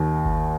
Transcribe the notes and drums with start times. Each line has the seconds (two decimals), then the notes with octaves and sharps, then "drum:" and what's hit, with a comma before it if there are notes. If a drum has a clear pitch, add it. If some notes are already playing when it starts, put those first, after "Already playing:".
Already playing: D#2 D#3
0.25 drum: kick G1